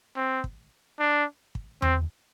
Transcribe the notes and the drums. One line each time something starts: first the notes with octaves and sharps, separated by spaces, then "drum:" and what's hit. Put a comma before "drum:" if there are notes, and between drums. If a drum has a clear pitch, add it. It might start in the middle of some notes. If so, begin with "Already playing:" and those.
C4
drum: kick
D4
drum: kick
C4, drum: tom E2